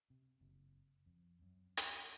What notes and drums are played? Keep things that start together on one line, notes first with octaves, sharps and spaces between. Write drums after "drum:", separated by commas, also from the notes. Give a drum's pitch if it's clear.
C3
F#1
F2
F#2
drum: hi-hat